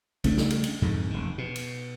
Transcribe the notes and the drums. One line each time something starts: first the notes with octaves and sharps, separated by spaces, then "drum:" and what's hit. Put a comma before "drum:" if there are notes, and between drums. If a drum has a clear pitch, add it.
C#3 A3 C#4 D4, drum: kick, cymbal
drum: snare
drum: cymbal
drum: cymbal
F2 G#2 D3 G#3
F1 D#3
B2
drum: cymbal